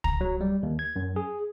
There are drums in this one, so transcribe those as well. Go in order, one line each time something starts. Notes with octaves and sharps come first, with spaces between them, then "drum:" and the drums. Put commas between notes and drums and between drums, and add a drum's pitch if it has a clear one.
A#5, drum: kick
F#3
G3
D#2
G#6
F#2
G#4